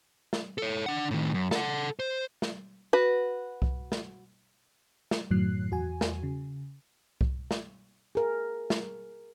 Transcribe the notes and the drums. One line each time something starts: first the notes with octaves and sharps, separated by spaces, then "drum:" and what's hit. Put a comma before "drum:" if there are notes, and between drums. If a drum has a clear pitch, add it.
drum: snare
A4 C#5
D4 F#5
A2 D#3
F#2
A4 F#5, drum: snare
C5
drum: snare
F#4 B4
drum: kick C2
drum: snare
drum: snare
F#2 A2 D#3 F#3 F#6 C7
E2 F#4 G#5
drum: snare
C#3
drum: kick C2
drum: snare
G#4 A#4
drum: snare